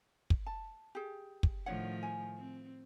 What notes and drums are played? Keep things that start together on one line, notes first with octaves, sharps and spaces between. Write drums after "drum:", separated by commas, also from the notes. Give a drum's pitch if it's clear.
drum: kick
A5
G4 G#4
drum: kick
A2 D#3 F3 D4 C#5 F#5
G#5
C4